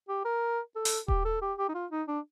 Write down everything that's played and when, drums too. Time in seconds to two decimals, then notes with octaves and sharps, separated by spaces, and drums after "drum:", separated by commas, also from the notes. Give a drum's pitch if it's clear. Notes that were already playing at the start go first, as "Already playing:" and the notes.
0.08 G4
0.25 A#4
0.75 A4
0.85 drum: open hi-hat
1.08 G4, drum: kick D#1
1.25 A4
1.42 G4
1.58 G4
1.69 D#4
1.75 F4
1.91 D#4
2.08 D4